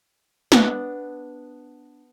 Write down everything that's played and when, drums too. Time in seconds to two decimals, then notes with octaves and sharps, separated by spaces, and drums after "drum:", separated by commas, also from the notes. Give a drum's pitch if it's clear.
0.52 B3 D4, drum: snare